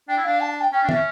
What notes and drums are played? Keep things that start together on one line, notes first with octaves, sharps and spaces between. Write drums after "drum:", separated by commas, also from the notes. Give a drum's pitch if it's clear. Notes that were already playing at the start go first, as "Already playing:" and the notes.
D4 G5
E4
D4 F5
A5
A5
G5
C#4 G5
D4
C#4 E5, drum: tom